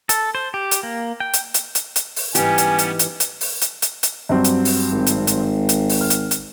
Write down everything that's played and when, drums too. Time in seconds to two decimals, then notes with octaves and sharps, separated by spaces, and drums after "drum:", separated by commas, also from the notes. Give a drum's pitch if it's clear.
0.09 A4, drum: hi-hat
0.35 C5
0.54 G4
0.71 drum: hi-hat
0.83 A#3
1.20 G5
1.33 drum: hi-hat
1.54 drum: hi-hat
1.75 drum: hi-hat
1.96 drum: hi-hat
2.16 drum: open hi-hat
2.35 G#2 E3 G3 B3 C#4 D#4 G4 G#5, drum: hi-hat
2.58 drum: hi-hat
2.79 drum: hi-hat
2.99 drum: hi-hat
3.20 drum: hi-hat
3.41 drum: open hi-hat
3.61 drum: hi-hat
3.82 drum: hi-hat
4.03 drum: hi-hat
4.29 G2 F#3 C4
4.44 drum: hi-hat
4.65 drum: open hi-hat
4.91 G#1
5.07 drum: hi-hat
5.27 drum: hi-hat
5.69 drum: hi-hat
5.89 drum: open hi-hat
6.01 F6
6.10 drum: hi-hat
6.31 drum: hi-hat